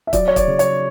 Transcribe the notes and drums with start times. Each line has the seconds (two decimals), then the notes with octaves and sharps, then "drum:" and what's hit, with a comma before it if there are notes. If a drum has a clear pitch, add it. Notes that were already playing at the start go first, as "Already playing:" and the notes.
0.07 E5
0.13 F#3 D5, drum: kick, hi-hat
0.28 C#5
0.36 D5, drum: kick, hi-hat
0.48 C#3
0.59 C#5, drum: hi-hat